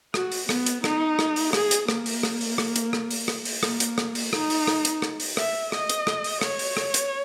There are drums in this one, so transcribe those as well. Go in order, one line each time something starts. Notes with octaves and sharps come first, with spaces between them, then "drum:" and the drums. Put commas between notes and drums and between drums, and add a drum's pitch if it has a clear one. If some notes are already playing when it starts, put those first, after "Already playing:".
F#4, drum: rim click
drum: open hi-hat
B3, drum: rim click
drum: hi-hat
D#4, drum: rim click
drum: rim click
drum: open hi-hat
G#4, drum: rim click
drum: hi-hat
A#3, drum: rim click
drum: open hi-hat
drum: rim click
drum: open hi-hat
drum: rim click
drum: hi-hat
drum: rim click
drum: open hi-hat
drum: rim click
drum: open hi-hat
A#3, drum: rim click
drum: hi-hat
drum: rim click
drum: open hi-hat
D#4, drum: rim click
drum: open hi-hat
drum: rim click
drum: hi-hat
drum: rim click
drum: open hi-hat
E5, drum: rim click
D#5, drum: rim click
drum: hi-hat
drum: rim click
drum: open hi-hat
C#5, drum: rim click
drum: open hi-hat
drum: rim click
drum: hi-hat